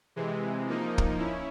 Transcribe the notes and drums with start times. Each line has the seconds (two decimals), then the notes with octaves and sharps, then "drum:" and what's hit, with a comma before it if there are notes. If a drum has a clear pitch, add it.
0.16 C3 E3 G#3
0.67 F3 A#3 D#4
0.98 drum: kick
1.18 C#4 E4